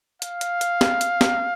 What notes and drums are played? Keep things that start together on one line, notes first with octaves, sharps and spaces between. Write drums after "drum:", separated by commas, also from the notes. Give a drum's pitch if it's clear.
F5, drum: hi-hat
drum: hi-hat
drum: hi-hat
drum: snare
drum: hi-hat
drum: snare